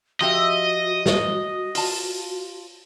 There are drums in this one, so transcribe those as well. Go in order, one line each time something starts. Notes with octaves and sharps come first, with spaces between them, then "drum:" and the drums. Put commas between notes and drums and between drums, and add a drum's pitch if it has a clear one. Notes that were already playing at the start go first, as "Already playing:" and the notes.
F3 F#4 G4 D#5 E5
drum: snare
F4 A5, drum: open hi-hat